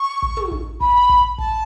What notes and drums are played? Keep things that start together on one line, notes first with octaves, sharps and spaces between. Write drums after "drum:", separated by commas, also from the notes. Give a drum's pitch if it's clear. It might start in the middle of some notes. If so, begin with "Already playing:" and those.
Already playing: C#6
drum: kick
drum: tom
drum: kick
B5, drum: kick
drum: kick
A5, drum: kick